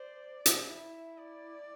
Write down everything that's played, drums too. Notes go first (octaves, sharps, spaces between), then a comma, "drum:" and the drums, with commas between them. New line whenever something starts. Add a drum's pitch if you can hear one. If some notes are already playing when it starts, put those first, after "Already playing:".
Already playing: C5 D5
drum: hi-hat
E4 E5
D5